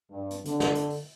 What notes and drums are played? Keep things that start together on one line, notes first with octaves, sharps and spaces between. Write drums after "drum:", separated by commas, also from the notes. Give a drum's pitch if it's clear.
G2
drum: hi-hat
D3, drum: hi-hat
drum: snare
drum: hi-hat
drum: open hi-hat